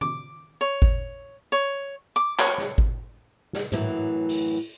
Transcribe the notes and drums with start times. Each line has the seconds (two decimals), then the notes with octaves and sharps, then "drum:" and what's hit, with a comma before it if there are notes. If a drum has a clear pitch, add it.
0.01 D6, drum: tom D#3
0.61 C#5
0.82 drum: kick G#1
1.52 C#5
2.16 D6
2.39 C#5, drum: clap
2.58 drum: snare
2.78 drum: kick G#1
3.53 drum: snare
3.72 F#2 A2 E3 F#3, drum: tom G#2
4.29 drum: open hi-hat